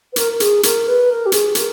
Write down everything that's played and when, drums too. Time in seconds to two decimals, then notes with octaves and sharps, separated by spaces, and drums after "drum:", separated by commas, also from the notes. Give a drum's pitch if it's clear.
0.12 B4
0.16 A#4, drum: hi-hat
0.31 A#4
0.40 G#4, drum: hi-hat
0.63 A#4, drum: hi-hat
0.87 B4
1.10 A#4
1.25 G4
1.32 G#4, drum: hi-hat
1.55 A#4, drum: hi-hat